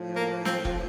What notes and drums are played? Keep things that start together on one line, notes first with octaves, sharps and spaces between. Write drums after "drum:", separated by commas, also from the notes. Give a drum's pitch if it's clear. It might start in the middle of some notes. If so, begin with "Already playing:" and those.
Already playing: A2 F3
A#3
C4, drum: snare
drum: kick F1